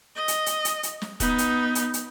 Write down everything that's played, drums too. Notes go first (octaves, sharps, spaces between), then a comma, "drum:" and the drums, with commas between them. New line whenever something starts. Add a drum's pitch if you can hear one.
D#5
drum: hi-hat
drum: hi-hat
drum: hi-hat
drum: hi-hat
drum: snare
B3 D#4, drum: kick D#1, hi-hat
drum: hi-hat
drum: hi-hat
drum: hi-hat